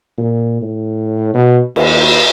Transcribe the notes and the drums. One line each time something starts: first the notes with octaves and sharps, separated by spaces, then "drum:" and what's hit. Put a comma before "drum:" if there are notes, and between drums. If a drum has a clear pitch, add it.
A#2
A2
B2
D#2, drum: cymbal